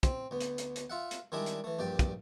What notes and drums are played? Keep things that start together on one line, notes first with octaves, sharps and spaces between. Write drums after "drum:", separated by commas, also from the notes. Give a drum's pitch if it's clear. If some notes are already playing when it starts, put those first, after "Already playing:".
C4, drum: kick, hi-hat
D2 B3
drum: hi-hat
drum: hi-hat
drum: hi-hat
F4 E5 F#5
drum: hi-hat
D#3 G3 G#3 D4 E4 G#4
drum: hi-hat
E3 A3
A#1 G2 G4 D5 G5
drum: kick, hi-hat